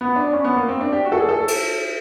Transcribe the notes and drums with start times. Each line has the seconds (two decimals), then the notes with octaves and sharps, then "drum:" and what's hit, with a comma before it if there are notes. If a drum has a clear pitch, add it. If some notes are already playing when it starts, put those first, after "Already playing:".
0.01 B3
0.16 D4
0.33 C#4
0.44 B3
0.57 A#3
0.69 C4
0.80 D4
0.93 G4
1.05 F#4
1.12 A4
1.16 G#4
1.29 A4
1.48 drum: cymbal